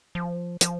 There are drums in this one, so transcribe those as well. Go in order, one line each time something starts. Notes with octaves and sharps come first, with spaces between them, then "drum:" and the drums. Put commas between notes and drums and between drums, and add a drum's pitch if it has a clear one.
F3
F3, drum: hi-hat